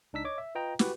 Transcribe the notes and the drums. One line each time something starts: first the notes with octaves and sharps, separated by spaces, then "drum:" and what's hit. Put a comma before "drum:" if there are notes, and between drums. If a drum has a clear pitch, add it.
C#2 D4 D#4 E6 B6
C#5 D#5 D6 G#6
E5
F4 B4 D#5 G5 A#5
F#4 G4 B4, drum: snare